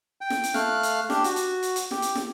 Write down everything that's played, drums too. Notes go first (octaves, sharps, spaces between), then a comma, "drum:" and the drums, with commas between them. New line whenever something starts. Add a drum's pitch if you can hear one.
G5
drum: snare
drum: hi-hat
A3 F5 F#6, drum: snare
drum: hi-hat
D4 G4, drum: snare
F#4, drum: hi-hat
drum: hi-hat
drum: hi-hat
drum: hi-hat
G4, drum: snare
drum: hi-hat
drum: snare